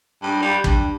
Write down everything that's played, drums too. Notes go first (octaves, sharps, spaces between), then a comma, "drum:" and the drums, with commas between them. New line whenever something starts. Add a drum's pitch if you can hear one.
G2
G3
G2, drum: kick